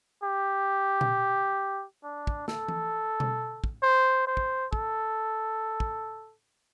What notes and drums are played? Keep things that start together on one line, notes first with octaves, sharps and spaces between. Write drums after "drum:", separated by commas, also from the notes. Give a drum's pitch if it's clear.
G4
drum: tom A#2
D4
drum: kick
A4, drum: snare
drum: tom E3
drum: tom B2
drum: kick
C5
C5
drum: kick
A4, drum: kick
drum: kick